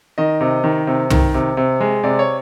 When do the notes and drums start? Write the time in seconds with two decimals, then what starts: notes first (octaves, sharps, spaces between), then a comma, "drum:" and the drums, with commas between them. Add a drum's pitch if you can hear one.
0.18 D#3 D#5
0.41 C3
0.64 D#3
0.87 C3
1.10 D#3, drum: tom
1.34 C3
1.57 C3
1.80 G#3
2.04 C3 D5
2.19 C#5